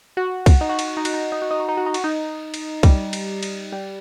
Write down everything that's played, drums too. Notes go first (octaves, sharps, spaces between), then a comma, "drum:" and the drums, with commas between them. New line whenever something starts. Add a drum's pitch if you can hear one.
F#4
drum: kick, cymbal
D#4
F#4
D#4, drum: cymbal
F#4
D#4
F#4, drum: cymbal
D#4
F#4
D#4
F#4
D#4
F#4
D#4
F#4
D#4
F#4, drum: cymbal
D#4
drum: cymbal
G3, drum: kick, cymbal
drum: cymbal
drum: cymbal
G3